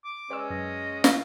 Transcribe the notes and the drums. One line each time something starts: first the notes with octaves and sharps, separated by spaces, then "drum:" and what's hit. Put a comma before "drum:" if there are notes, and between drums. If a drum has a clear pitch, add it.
D6
G#3 C#4 B4 D5 E6
F#2 D#5
E3 F4 C#5 F5, drum: snare